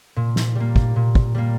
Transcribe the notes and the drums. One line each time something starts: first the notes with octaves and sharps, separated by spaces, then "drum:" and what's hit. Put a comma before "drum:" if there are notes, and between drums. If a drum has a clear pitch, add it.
A#2
drum: snare
G3 A#3
drum: kick
A#2
drum: kick
G3 A#3